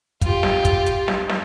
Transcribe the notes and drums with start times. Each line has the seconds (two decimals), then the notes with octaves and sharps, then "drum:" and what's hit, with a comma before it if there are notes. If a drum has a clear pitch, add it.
0.21 F4 G4, drum: kick, hi-hat
0.43 drum: snare
0.65 drum: kick, hi-hat
0.86 drum: hi-hat
1.08 drum: snare
1.29 drum: snare